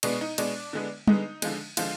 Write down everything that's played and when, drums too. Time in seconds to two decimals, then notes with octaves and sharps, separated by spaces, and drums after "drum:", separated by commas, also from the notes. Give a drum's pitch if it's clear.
0.03 B2 G#3 B3 D4, drum: cymbal
0.21 D#4
0.38 B2 G#3 B3 D4, drum: cymbal
0.73 D3 G#3 B3
1.07 D3 G#3 B3 D#4, drum: tom
1.42 D3 F3 G#3, drum: cymbal
1.77 D3 F3 G#3 F4, drum: cymbal